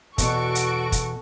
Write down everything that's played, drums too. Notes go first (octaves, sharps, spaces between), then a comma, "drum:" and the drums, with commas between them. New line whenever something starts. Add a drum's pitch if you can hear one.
E2 B2 F#4 A4 C#6 D7, drum: kick, hi-hat
drum: hi-hat
drum: kick, hi-hat